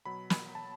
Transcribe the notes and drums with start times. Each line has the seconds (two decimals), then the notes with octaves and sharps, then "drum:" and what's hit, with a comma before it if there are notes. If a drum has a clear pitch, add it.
0.05 B2 F#3 B5
0.30 B5, drum: snare
0.55 A5